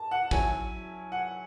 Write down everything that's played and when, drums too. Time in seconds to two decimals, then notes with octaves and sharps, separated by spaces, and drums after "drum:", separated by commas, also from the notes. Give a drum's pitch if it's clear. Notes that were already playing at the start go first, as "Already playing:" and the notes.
Already playing: A5
0.11 F#5
0.31 F#3 C#4 E4 G#5, drum: kick
1.12 F#5